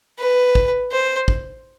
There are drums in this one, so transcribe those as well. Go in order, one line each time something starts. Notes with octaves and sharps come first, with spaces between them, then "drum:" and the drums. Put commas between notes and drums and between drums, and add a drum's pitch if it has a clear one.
B4
drum: kick
C5
drum: kick